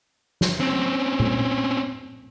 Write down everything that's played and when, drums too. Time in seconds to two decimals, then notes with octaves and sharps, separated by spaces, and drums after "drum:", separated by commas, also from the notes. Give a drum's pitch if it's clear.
0.41 drum: snare
0.60 C4 C#4
1.20 drum: tom A#2